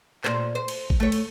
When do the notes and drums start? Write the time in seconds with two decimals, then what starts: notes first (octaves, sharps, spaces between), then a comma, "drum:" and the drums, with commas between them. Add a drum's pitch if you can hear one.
0.24 A#2 C5, drum: clap
0.55 C5
0.68 drum: cymbal
0.90 drum: kick G#1
1.00 A3 C#5
1.12 drum: cymbal